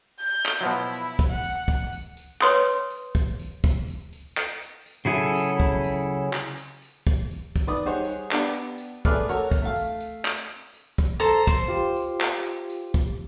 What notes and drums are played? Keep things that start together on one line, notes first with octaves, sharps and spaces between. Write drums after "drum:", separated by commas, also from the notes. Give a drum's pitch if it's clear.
G6
drum: clap
B2 F3 F#3 E4
drum: tambourine
drum: tambourine
drum: kick, tambourine
F#5
drum: tambourine
drum: kick, tambourine
drum: tambourine
drum: tambourine
B4 C#5 C6 D#6, drum: clap
drum: tambourine
drum: tambourine
drum: kick, tambourine
drum: tambourine
drum: kick, tambourine
drum: tambourine
drum: tambourine
drum: clap
drum: tambourine
drum: tambourine
C#3 F#3 E4 G#4 A4
drum: tambourine
drum: kick
drum: tambourine
drum: clap
drum: tambourine
drum: tambourine
drum: kick, tambourine
drum: tambourine
drum: kick, tambourine
D#3 B4 D5 D#6
G3 D#4 G#4 C5 C#5 F#5
drum: tambourine
B3 D4 G4 D5, drum: clap
drum: tambourine
drum: tambourine
A3 G#4 B4 D5 F6 F#6, drum: kick, tambourine
F#4 A4 A#4 C#5 F#5, drum: tambourine
drum: kick, tambourine
A3 F5
drum: tambourine
drum: tambourine
drum: clap
drum: tambourine
drum: tambourine
drum: kick, tambourine
A4 C5 A#5
C5, drum: kick, tambourine
F4 G4
drum: tambourine
drum: clap
drum: tambourine
drum: tambourine
drum: kick, tambourine